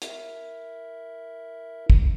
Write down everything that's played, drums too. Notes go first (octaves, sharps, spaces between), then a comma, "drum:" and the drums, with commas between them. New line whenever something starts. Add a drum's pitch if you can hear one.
E4 A#4 E5, drum: hi-hat
drum: kick